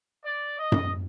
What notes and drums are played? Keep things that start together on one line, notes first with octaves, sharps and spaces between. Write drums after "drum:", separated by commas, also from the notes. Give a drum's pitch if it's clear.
D5
D#5
drum: tom F#2